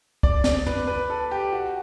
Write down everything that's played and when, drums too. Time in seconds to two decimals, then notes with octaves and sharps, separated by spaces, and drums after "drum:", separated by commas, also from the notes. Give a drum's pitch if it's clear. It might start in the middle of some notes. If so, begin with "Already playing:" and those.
0.23 D5, drum: kick
0.44 D5, drum: snare
0.66 B4, drum: tom
0.87 B4
1.10 A4
1.31 G4
1.52 F#4